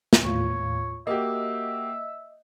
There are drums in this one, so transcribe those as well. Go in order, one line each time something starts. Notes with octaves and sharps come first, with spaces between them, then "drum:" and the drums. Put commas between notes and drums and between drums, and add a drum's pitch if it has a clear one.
drum: snare
D#2 A2 F4 C#5
A#3 F#4 G4 D#5 E5